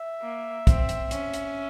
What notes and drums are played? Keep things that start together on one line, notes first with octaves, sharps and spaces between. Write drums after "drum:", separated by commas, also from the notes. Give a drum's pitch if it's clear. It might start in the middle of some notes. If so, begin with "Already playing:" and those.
Already playing: E5
A#3
C4, drum: kick, hi-hat
drum: hi-hat
C#4, drum: hi-hat
drum: hi-hat